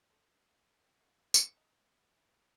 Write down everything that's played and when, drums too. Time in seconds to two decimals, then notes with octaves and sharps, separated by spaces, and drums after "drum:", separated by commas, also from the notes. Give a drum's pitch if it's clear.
0.10 A4 C5
0.83 C4 F#4
1.00 G#3 A#3 F#4
1.34 drum: tambourine
1.54 C#4 D#4
1.97 E4 F#4
2.17 E4